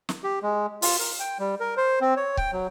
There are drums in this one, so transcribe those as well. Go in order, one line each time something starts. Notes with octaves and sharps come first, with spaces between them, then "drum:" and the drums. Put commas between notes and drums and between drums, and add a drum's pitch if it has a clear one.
drum: snare
G4
G#3
F4, drum: open hi-hat
A#4
G5
G3
A#4
C5
C4
C#5
G5, drum: kick C#1
F#3